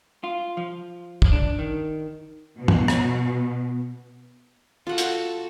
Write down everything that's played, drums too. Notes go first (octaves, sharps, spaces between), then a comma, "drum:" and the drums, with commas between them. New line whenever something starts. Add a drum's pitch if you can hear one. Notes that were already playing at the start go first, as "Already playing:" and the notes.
F4
F3
drum: kick
D4
D#3
B2
drum: tom
drum: rim click
F4 F#4 A4 F#5
drum: hi-hat